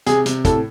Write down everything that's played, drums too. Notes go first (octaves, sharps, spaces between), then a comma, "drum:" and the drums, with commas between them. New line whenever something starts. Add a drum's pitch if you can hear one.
C3 G#4, drum: hi-hat
C3, drum: hi-hat
A2 A4, drum: kick, hi-hat